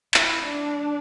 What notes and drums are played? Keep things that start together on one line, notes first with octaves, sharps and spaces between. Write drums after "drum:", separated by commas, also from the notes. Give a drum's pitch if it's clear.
E4, drum: clap
D4